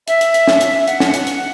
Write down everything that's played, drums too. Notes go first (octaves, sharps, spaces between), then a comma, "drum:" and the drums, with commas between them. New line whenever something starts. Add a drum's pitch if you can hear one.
E5, drum: hi-hat
drum: hi-hat
drum: hi-hat
drum: snare
drum: hi-hat
E5
F#5, drum: hi-hat
drum: snare
drum: hi-hat
drum: hi-hat